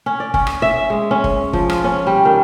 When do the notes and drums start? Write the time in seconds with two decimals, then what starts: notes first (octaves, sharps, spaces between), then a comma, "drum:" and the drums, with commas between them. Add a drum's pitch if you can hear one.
0.06 C#4
0.20 D5
0.34 C#4, drum: kick G1
0.47 drum: rim click
0.62 E5
0.90 G#3
1.11 C#4
1.24 drum: kick G1
1.53 F3, drum: kick G1
1.70 F4, drum: rim click
1.84 C#4
2.07 G3
2.25 D#3